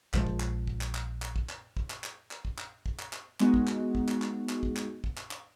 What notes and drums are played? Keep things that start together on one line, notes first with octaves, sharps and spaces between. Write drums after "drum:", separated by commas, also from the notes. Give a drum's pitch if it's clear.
A#1 F3 G#3, drum: clap
drum: kick
drum: clap
drum: kick
drum: clap
drum: clap
drum: clap
drum: kick
drum: clap
drum: kick
drum: clap
drum: clap
drum: clap
drum: kick
drum: clap
drum: kick
drum: clap
drum: clap
G#3 B3 D#4 F#4, drum: clap
drum: kick
drum: clap
drum: kick
drum: clap
drum: clap
drum: clap
drum: kick
drum: clap
drum: kick
drum: clap
drum: clap